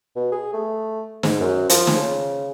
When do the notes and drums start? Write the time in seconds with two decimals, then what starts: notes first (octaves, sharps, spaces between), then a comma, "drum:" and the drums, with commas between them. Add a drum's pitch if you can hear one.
0.16 B2
0.32 G#4
0.53 A3
1.23 G#2, drum: snare
1.40 F#2
1.69 F3, drum: hi-hat
1.87 drum: snare
1.97 C#3